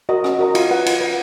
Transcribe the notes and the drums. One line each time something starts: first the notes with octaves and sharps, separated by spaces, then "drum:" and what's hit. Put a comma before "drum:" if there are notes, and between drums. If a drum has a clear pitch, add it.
F#4 A#4 D#5 A#5
C#4, drum: rim click
F#4 A#4 D#5 A#5
F4, drum: cymbal
B4 F#5
F4, drum: cymbal
B4 F#5